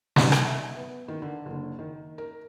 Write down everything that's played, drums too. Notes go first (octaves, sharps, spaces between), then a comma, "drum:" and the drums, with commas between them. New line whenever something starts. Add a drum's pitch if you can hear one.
D#4, drum: snare
drum: rim click
E5
B3
D#3
D3
F#1
D#3
A#4